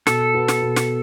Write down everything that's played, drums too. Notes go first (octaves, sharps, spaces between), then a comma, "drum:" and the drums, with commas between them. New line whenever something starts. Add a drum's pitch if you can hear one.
B2 A4, drum: snare
B3 F#4
drum: snare
B2
drum: snare